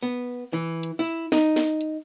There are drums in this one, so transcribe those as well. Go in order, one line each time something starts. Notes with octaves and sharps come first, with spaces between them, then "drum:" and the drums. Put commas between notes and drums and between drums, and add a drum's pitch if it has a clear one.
B3
E3
drum: hi-hat
E4
D#4, drum: snare
drum: snare
drum: hi-hat